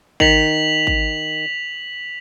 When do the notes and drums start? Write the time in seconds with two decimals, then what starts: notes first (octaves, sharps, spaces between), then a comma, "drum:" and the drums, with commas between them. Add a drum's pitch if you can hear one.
0.20 D#3 B6 F7 F#7, drum: kick G#1
0.87 drum: kick G#1